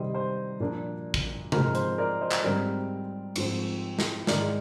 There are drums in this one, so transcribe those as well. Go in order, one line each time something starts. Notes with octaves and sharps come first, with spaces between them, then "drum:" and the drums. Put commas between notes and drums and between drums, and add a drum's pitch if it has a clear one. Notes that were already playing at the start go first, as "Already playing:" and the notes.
Already playing: C3 D#3 G3 C5 D#5
C5
A#2 F3 A#3 D4
drum: kick
G#2 F3 G#3 C4 A#4, drum: tom C3
A#4
C5, drum: hi-hat
A#4 D5
C5 D#5
drum: clap
G#2 G3 C4 A#4 D5
G#2 F3 C4, drum: cymbal
drum: snare
G#2 D#3 G#3 A#4 D5, drum: snare